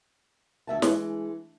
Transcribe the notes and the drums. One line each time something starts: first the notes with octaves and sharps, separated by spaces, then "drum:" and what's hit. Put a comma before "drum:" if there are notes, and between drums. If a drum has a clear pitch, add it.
D2 E5 A5
E3 G#3, drum: snare